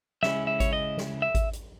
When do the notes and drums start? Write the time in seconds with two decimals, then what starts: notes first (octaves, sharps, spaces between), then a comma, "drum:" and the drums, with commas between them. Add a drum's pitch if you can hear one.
0.23 C#2 C#3 G#3 C#4 E4 E5, drum: snare
0.47 E5
0.60 C#5, drum: kick G#1, hi-hat
0.73 D#5
0.97 drum: snare
1.22 E5
1.35 drum: kick G#1, hi-hat
1.53 drum: hi-hat